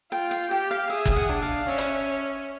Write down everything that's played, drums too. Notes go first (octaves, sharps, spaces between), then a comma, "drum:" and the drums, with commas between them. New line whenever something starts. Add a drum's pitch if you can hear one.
F4 G5
G5
G4 G5
F5
G#4 E5
drum: kick F#1
F#5
D4
F5
C#4 E5
drum: hi-hat